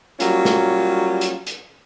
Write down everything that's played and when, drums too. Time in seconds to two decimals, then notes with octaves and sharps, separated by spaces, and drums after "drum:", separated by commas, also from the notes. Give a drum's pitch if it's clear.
0.20 F#3 G3 A#3 C#4 F4, drum: hi-hat
0.45 drum: snare
1.21 drum: hi-hat
1.47 drum: hi-hat